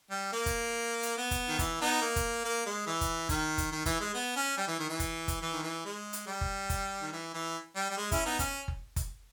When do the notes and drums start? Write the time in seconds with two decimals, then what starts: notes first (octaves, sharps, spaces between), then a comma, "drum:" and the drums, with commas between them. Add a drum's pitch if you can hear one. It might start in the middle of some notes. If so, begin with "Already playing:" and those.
0.11 G3
0.32 A#3
0.46 drum: kick F#1, hi-hat
1.03 drum: hi-hat
1.18 B3
1.31 drum: kick F#1, hi-hat
1.49 D#3
1.59 E3, drum: kick F#1, hi-hat
1.81 B3 D#4
2.01 A#3
2.16 drum: kick F#1, hi-hat
2.44 A#3
2.66 G#3
2.86 E3
3.01 drum: kick F#1, hi-hat
3.29 D#3, drum: kick F#1, hi-hat
3.58 drum: kick F#1, hi-hat
3.72 D#3
3.86 E3, drum: kick F#1, hi-hat
4.00 G#3
4.14 B3
4.36 C#4
4.57 G3
4.68 E3
4.79 D#3
4.89 E3
5.00 drum: kick F#1, hi-hat
5.28 drum: kick F#1, hi-hat
5.42 E3
5.52 D#3
5.63 E3
5.85 G#3
6.13 drum: hi-hat
6.27 G3
6.41 drum: kick F#1
6.70 drum: kick F#1, hi-hat
7.02 D#3
7.12 E3
7.34 E3
7.76 G3
7.90 G3
7.97 G#3
8.11 C#4 E4, drum: kick F#1, hi-hat
8.25 B3 D#4
8.39 C#4, drum: kick F#1, hi-hat
8.68 drum: kick F#1
8.96 drum: kick F#1, hi-hat